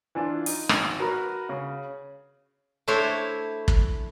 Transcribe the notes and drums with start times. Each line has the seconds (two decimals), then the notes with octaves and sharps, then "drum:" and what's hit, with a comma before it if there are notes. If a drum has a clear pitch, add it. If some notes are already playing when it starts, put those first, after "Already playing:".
0.15 E3 D4 F4
0.46 D#4, drum: open hi-hat
0.69 G#1, drum: rim click
0.99 F#4 A#4 B4
1.49 C#3
2.88 A3 D4 E4 C5 C#5
3.68 drum: kick